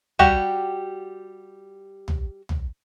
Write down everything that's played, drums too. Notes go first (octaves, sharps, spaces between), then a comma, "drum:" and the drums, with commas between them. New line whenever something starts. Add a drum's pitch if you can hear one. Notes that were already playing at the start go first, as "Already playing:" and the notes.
G3 F#4 G4 F#5, drum: tom B1
drum: tom B1
drum: tom B1